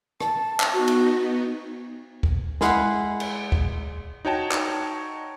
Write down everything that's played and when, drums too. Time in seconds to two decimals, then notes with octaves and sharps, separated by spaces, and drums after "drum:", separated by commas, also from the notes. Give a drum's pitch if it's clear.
0.20 A5, drum: rim click
0.60 drum: clap
0.73 B3 D#4 F#4
0.88 drum: cymbal
2.23 drum: kick
2.61 G#3 E4 F5 F#5, drum: snare
3.20 drum: cymbal
3.52 drum: kick
4.25 D#4 F#4 C#5 G5 A5
4.51 drum: clap